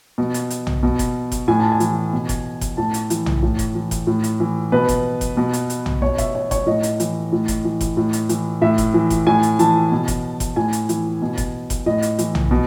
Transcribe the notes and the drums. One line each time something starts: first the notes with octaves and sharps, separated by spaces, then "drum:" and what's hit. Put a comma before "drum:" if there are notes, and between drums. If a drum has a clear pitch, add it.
B2
drum: hi-hat
drum: hi-hat
drum: tom B1
B2
drum: kick F#1, hi-hat
drum: kick F#1, hi-hat
A2 G#5
A5
G#5
E3, drum: hi-hat
B2
drum: kick F#1, hi-hat
drum: kick F#1, hi-hat
A2 A5
drum: hi-hat
E3, drum: hi-hat
drum: tom B1
A2
drum: kick F#1, hi-hat
E3
drum: kick F#1, hi-hat
A2
drum: hi-hat
E3
B2 B4
drum: kick F#1, hi-hat
drum: kick F#1, hi-hat
B2
drum: hi-hat
drum: hi-hat
drum: tom B1
B2 C#5
E5, drum: kick F#1, hi-hat
C#5
C#5, drum: kick F#1, hi-hat
A2 D#5
drum: hi-hat
E3, drum: hi-hat
A2
drum: kick F#1, hi-hat
E3
drum: kick F#1, hi-hat
A2
drum: hi-hat
E3, drum: hi-hat
A2 E5
drum: kick F#1, hi-hat
E3
drum: kick F#1, hi-hat
A2 G#5
drum: hi-hat
E3 A5, drum: hi-hat
B2
drum: kick F#1, hi-hat
drum: kick F#1, hi-hat
A2 G#5
drum: hi-hat
E3, drum: hi-hat
B2
drum: kick F#1, hi-hat
drum: kick F#1, hi-hat
A2 D#5
drum: hi-hat
E3, drum: hi-hat
drum: tom B1
B2